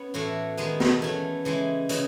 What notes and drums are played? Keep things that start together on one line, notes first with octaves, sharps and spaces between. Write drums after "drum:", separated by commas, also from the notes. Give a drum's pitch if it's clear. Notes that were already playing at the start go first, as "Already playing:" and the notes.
Already playing: B3 C#4 C#5
A2 E3 A3 F#4
D#3 G#3 B3 B4
A4, drum: snare
E3 A3 C#4
C#3 E3 G#3
C#3 E3 B3 F#4, drum: hi-hat